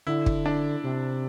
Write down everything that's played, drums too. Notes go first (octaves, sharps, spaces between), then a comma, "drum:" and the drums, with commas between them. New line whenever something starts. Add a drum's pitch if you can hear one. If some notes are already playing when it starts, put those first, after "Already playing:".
D3 E4
drum: kick
D4
C3